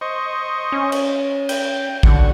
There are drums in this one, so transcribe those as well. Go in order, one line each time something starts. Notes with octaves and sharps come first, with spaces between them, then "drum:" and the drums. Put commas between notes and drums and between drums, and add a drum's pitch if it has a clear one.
C5 D#5 C#6
C#4
drum: cymbal
G5, drum: cymbal
D3 F#4 C#6, drum: kick A1